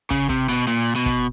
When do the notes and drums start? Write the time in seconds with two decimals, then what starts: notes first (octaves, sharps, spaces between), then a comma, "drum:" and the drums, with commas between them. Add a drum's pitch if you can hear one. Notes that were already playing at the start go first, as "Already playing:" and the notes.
0.10 C#3, drum: kick
0.29 C3, drum: kick, hi-hat
0.49 B2, drum: hi-hat
0.67 A#2, drum: hi-hat
0.96 B2
1.06 drum: kick, hi-hat